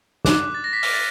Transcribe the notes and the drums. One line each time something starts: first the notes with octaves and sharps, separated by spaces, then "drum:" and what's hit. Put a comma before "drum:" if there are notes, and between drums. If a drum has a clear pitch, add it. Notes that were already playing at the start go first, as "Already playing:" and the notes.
D6 F#6, drum: snare
A6
A#6
B6
D6 F6 A#6, drum: open hi-hat
A6